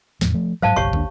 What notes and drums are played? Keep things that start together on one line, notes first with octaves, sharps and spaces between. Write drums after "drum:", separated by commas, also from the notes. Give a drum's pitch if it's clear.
E2 A2 F3, drum: snare
F3 A3
G#2 F#3 C5 F5 A5
F#1 B1 G4 C#5 C#6
D#2 D4, drum: kick